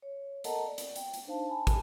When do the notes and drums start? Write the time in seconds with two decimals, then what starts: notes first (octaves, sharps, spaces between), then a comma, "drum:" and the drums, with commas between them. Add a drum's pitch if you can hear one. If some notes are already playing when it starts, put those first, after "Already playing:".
0.02 C#5
0.44 A4 A#4 D#5 F#5 A5 A#5, drum: hi-hat
0.66 D5
0.78 drum: hi-hat
0.96 G5, drum: hi-hat
1.14 drum: hi-hat
1.26 D4 D#4 C5 F5 A5
1.49 G#5 A5 B5
1.67 drum: kick, hi-hat